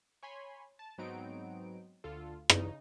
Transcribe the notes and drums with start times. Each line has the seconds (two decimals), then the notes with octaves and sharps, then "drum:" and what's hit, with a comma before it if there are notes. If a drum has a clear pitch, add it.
0.23 C#5 G#5 B5 C6
0.79 A5
0.98 G#2 F#3 B3 C4 D#4 D7
2.04 D2 D3 F4 A4
2.50 C#3 D#4, drum: rim click